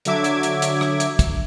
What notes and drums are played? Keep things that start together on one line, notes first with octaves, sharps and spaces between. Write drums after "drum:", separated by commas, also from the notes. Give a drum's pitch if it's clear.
D3 F#3 E5 D6 G#6, drum: hi-hat
drum: hi-hat
drum: hi-hat
drum: hi-hat
drum: rim click
drum: hi-hat
drum: kick, hi-hat